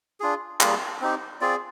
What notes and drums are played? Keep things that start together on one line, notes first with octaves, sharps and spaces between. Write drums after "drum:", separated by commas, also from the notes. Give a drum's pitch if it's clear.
D4 F4 G#4
G3 A#3 F4 G#4, drum: clap
C4 D#4 G4
C4 F4 G#4 D5